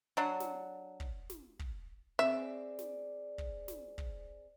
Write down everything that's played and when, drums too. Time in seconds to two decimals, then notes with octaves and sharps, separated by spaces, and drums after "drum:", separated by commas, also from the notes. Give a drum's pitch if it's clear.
0.17 F#3 D4 F#5
0.40 drum: snare
1.00 drum: kick
1.30 drum: snare
1.59 drum: kick
2.19 C4 G#4 D5 E5
2.79 drum: snare
3.38 drum: kick
3.68 drum: snare
3.98 drum: kick